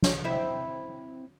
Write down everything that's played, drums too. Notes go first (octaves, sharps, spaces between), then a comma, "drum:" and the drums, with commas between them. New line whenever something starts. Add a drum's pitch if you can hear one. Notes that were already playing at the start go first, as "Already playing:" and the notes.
drum: snare
C4 E4 E5